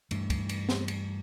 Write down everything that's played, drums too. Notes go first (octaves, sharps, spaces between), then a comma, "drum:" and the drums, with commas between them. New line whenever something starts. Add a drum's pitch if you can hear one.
G2 E3 A3, drum: cymbal
drum: kick, cymbal
drum: cymbal
drum: snare
drum: cymbal